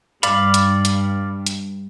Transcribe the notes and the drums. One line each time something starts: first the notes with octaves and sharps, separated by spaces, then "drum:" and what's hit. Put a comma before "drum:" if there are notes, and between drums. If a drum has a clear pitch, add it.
G2 D5 F5 B5, drum: hi-hat
drum: hi-hat
drum: hi-hat
drum: hi-hat